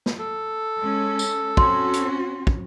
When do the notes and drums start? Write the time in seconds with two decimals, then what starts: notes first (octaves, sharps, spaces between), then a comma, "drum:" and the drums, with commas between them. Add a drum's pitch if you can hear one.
0.06 drum: snare
0.19 A4
0.78 G#3 C#4
1.19 drum: tambourine
1.57 C4 C#4 F#4 C6, drum: kick
1.93 drum: hi-hat
2.47 drum: kick